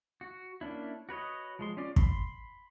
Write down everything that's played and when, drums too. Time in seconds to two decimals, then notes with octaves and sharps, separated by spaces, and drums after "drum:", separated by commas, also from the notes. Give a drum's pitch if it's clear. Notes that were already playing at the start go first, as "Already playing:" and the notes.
0.21 F#4
0.61 A#3 C#4 D4 E4
1.09 F#4 B4 C#5 D#5
1.59 F3 G#3 C6
1.77 C#4 F4 D5
1.96 B5 C6, drum: kick